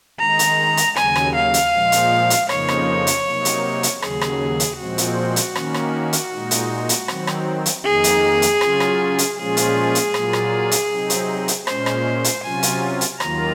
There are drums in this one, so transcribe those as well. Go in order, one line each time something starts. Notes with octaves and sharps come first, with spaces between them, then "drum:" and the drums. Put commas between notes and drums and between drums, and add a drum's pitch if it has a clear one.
D#3 G#3 D#4 A#5
drum: hi-hat
drum: hi-hat
D#2 C#3 F#3 G#5, drum: rim click
drum: rim click
F5
drum: hi-hat
A#2 F3 G#3
drum: hi-hat
drum: hi-hat
F2 C#3 F3 A#3 D#4 C#5, drum: rim click
drum: rim click
drum: hi-hat
C3 F#3 A#3 D#4
drum: hi-hat
drum: hi-hat
D#2 C#3 F#3 G#4, drum: rim click
drum: rim click
drum: hi-hat
A#2 F3 G#3 C4 F#4
drum: hi-hat
drum: hi-hat
D#3 A#3 C#4, drum: rim click
drum: rim click
drum: hi-hat
A#2 G#3 D#4
drum: hi-hat
drum: hi-hat
D#3 F#3 C4, drum: rim click
drum: rim click
drum: hi-hat
F2 D#3 A#3 D#4 G#4
drum: hi-hat
drum: hi-hat
C#3 F#3 C#4 F4, drum: rim click
drum: rim click
drum: hi-hat
A#2 F3 G#3 C#4 F4 G#4
drum: hi-hat
drum: hi-hat
A#2 F#3 A#3 F4, drum: rim click
drum: rim click
drum: hi-hat
C3 F#3 C4 D#4
drum: hi-hat
drum: hi-hat
A#2 G#3 C#4 C5, drum: rim click
drum: rim click
drum: hi-hat
C3 F#3 C#4 F4 G#5
drum: hi-hat
drum: hi-hat
D#2 D#3 F#3 A#3 F4 A#5, drum: rim click